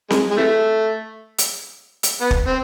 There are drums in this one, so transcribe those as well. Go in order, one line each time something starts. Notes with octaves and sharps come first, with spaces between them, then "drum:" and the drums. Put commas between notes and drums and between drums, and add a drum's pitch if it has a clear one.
G#3, drum: snare C4
G#3
C3 E3 A3
drum: hi-hat
drum: hi-hat
B3
drum: kick
C4